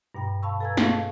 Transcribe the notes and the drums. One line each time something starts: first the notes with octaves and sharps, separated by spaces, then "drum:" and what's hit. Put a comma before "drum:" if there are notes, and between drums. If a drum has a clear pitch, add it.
G2 B2 G5 B5
F5 A5 B5 C#6 E6
A4 B4 G#5 A#5 E6 G#6
G#4 D#5 F5 A5 C#6, drum: snare